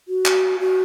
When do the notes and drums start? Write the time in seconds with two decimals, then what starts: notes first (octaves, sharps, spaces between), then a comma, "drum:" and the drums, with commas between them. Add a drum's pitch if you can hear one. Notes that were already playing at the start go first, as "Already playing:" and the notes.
0.08 F#4
0.26 drum: clap
0.60 F#4